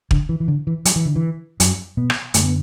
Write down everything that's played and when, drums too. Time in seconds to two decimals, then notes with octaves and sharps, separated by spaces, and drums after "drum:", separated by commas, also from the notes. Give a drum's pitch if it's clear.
0.11 D3, drum: kick
0.29 E3
0.40 E3
0.48 D3
0.67 E3
0.85 F#3, drum: hi-hat
0.96 E3
1.06 D3
1.16 E3
1.60 F#2 F#3, drum: hi-hat
1.97 B2 B3
2.10 drum: rim click
2.34 F#2 D3 A3, drum: hi-hat
2.44 B3